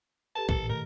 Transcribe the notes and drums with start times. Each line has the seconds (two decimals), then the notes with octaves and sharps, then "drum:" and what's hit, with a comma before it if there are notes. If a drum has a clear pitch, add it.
0.35 G4 A4 B4 A5
0.49 A1 A#2 E3 A4, drum: kick
0.69 A2 D#3 A#4